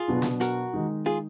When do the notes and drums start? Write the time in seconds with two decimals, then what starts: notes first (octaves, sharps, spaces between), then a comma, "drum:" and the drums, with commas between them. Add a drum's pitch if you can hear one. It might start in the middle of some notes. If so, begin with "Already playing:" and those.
Already playing: F4 G#4
0.08 B2 F#3 B3 D4
0.22 drum: snare
0.41 F#4 A#4, drum: hi-hat
0.73 D#3 G#3 D#4
1.06 F4 G#4